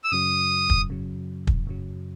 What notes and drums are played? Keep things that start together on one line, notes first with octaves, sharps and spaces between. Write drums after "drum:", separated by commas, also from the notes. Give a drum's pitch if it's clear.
E6
F#2 C#3 F#3 D#6
drum: kick
F#2 C#3 F#3
drum: kick
F#2 C#3 F#3